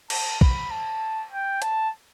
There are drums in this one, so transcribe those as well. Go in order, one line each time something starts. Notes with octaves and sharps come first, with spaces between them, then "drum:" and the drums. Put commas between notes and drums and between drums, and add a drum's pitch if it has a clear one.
A5, drum: cymbal
B5, drum: kick
A5
G5
A5, drum: hi-hat